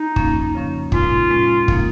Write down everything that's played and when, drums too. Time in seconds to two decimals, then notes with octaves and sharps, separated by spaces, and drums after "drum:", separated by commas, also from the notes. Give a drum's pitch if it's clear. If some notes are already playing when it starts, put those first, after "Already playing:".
Already playing: D#4
0.16 F2 F3 A#3 C#4, drum: kick
0.55 C#3 F3 C#4
0.92 A#2 G#3 D#4 F4, drum: kick
1.30 A#2 G#3 C#4
1.68 A#2 F3 A#3 D#4, drum: kick